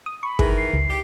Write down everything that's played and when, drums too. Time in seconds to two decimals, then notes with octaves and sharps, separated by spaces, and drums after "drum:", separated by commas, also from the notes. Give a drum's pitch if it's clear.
0.06 D#6
0.23 B5 C#6
0.39 D#3 E3 G#4 A#4, drum: kick
0.58 C7
0.73 C#2
0.89 G4